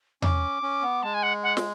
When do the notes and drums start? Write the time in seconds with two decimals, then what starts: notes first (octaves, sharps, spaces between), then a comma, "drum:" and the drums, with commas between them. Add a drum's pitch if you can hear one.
0.22 C#4 D6, drum: tom E2
0.63 C#4
0.82 B3
1.02 G#3 A5
1.14 G#5
1.23 F#5
1.43 F#5
1.57 drum: snare